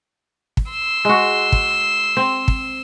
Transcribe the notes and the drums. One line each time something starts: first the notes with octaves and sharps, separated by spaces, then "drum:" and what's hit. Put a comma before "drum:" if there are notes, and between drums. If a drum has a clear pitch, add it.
drum: kick
C6 E6
G#3 F#4
drum: kick
C4
drum: kick